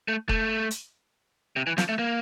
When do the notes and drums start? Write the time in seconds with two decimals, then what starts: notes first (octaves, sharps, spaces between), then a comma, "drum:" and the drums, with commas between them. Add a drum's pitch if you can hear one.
0.08 A3
0.29 A3, drum: kick F1
0.71 drum: hi-hat
1.56 C3
1.67 E3
1.78 F3, drum: snare
1.89 A3
1.99 A#3